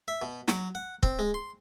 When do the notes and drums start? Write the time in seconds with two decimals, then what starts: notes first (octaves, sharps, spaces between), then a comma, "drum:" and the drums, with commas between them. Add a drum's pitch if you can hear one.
0.08 E5
0.22 B2
0.48 F#3, drum: snare
0.75 F#5
1.03 C4, drum: kick
1.19 G#3
1.34 C6